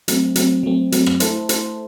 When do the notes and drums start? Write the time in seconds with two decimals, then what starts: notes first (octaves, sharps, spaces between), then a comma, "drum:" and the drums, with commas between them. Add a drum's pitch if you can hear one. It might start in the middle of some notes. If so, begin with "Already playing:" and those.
0.08 F#3 A3 C4, drum: hi-hat
0.36 F#3 A3 C4, drum: hi-hat
0.63 F#3 A3 C4
0.92 F#3 A3 C4, drum: hi-hat
1.06 drum: rim click
1.20 A3 E4 A4 C5, drum: hi-hat
1.49 A3 E4 A4 C5, drum: hi-hat